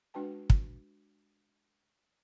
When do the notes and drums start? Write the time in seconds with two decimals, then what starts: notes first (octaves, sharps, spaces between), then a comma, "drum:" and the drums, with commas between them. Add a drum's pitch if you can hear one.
0.14 G#3 D4 F#4 B4 G5 A5
0.50 drum: kick